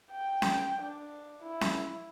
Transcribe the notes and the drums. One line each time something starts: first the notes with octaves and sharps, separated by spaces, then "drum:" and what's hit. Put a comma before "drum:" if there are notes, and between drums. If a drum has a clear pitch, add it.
G5
drum: snare C#4
D4
E4
drum: snare C#4